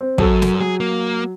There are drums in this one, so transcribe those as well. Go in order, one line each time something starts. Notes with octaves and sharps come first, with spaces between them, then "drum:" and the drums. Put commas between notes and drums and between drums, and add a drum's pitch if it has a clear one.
C4
F#2 F#3 A4, drum: kick
drum: snare
F#3 G#4
A#3